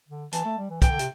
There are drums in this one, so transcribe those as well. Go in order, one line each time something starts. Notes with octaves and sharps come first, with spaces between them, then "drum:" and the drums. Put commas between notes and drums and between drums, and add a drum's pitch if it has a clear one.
D3
E3 A5, drum: hi-hat
A3
G3
E3
E3 G5, drum: kick, hi-hat
D3
C3, drum: hi-hat